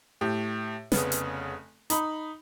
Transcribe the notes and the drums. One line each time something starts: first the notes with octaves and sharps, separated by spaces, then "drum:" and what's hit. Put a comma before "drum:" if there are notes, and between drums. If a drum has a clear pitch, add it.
A2 G4
F1 C#3 B3, drum: snare
drum: hi-hat
D#4 B5, drum: hi-hat